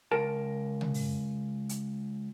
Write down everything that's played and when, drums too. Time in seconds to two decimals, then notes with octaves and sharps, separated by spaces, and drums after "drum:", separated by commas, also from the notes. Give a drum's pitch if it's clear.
0.11 C#2 A#4 A5
0.81 drum: tom
0.94 drum: open hi-hat
1.69 drum: hi-hat